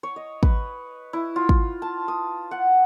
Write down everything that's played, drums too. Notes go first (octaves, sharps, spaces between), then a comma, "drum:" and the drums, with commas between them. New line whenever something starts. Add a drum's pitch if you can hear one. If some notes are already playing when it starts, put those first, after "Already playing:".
C#5
D#5
B4, drum: kick
E4
F4
drum: kick
A5
D#6
F#5